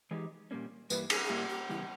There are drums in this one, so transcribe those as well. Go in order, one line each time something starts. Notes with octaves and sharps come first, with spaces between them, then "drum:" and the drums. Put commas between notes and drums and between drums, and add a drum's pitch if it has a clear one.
E3 G#3 D#4 G4
A#2 G3 A#3 C#4
G2 E3 G3 A#3 E4 B4, drum: tambourine
G#4, drum: cymbal
G#4
A#2 G3 A#3 E4 G4
G4
E2 C#3 G3 B3 E4